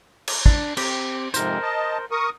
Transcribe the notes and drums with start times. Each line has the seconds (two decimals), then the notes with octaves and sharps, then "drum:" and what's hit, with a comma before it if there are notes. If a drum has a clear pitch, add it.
0.28 drum: cymbal
0.46 D4, drum: kick
0.77 C4 G4, drum: cymbal
1.34 F2 G#2 C3 A#4 C5, drum: hi-hat
1.62 D#5 A5
2.11 A#4 C#6 D#6